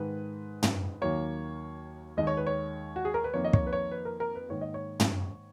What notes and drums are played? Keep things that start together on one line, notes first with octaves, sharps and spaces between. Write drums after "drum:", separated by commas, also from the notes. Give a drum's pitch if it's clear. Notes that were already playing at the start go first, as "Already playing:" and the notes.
Already playing: G#2 D#3 G#3 B4
drum: tom
D#2 D#3 F#3 A#3 C#5
D#2 D#3 G#3 D#5
C#5
B4
C#5
F#4
G#4
A#4
B4
F2 D#3 A#3 C#5
D#5
C#5, drum: kick
B4
C#5
B4
A#4
A#4
B4
G#2 D#3 A#3 C#5
D#5
C#5
drum: tom